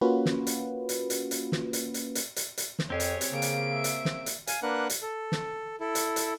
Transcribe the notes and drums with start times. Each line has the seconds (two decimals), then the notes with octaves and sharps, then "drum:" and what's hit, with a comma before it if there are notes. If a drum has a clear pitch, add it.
0.01 A#3 C#4 F4 F#4 B4
0.25 drum: snare
0.47 drum: hi-hat
0.89 drum: hi-hat
1.10 drum: hi-hat
1.31 drum: hi-hat
1.52 drum: snare
1.73 drum: hi-hat
1.94 drum: hi-hat
2.15 drum: hi-hat
2.36 drum: hi-hat
2.58 drum: hi-hat
2.79 drum: snare
2.90 F2 C4 G4 G#4 C#5
3.00 drum: hi-hat
3.21 drum: hi-hat
3.31 C#3 A#3 D7
3.42 drum: hi-hat
3.73 E5
3.84 drum: hi-hat
4.05 drum: snare
4.26 drum: hi-hat
4.47 F5 G#5, drum: hi-hat
4.63 A#3 D4 A#4 B4 F#5 F#6
4.90 drum: hi-hat
5.02 A4
5.32 drum: snare
5.80 E4 A4
5.95 drum: hi-hat
6.16 drum: hi-hat